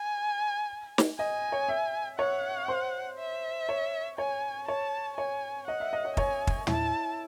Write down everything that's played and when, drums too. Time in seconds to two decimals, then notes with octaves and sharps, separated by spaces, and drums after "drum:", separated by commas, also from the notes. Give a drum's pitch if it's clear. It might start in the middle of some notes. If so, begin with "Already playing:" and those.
Already playing: G#5
0.98 drum: snare
1.18 D#5 G#5
1.52 C#5
1.69 E5
2.19 C#5 F#5
2.68 C5
3.18 E5
3.69 C#5
4.18 C#5 G#5
4.68 C#5 A5
5.18 C#5 G#5
5.68 D#5 F#5
5.80 E5
5.93 D#5
6.05 C#5
6.17 C#5 G#5, drum: kick
6.47 drum: kick
6.67 E4 A5, drum: tom